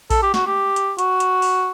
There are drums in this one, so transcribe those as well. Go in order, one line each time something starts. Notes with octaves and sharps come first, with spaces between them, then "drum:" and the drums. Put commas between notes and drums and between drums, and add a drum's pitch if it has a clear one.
A4, drum: kick A#1, open hi-hat
G4
F#4, drum: snare
G4
drum: hi-hat
F#4, drum: hi-hat
drum: hi-hat
drum: open hi-hat